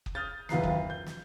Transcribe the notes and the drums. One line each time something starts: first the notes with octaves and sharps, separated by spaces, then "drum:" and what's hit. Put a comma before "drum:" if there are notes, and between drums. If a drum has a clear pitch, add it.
drum: kick
D#6 F6 G6 A6
F#1 D#2 F4 B4 A#5 C7, drum: snare
drum: kick
G6
drum: snare